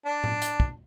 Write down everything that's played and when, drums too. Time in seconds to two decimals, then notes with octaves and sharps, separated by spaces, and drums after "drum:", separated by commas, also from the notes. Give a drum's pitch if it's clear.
0.06 D4
0.24 drum: tom A2
0.42 drum: hi-hat
0.60 drum: kick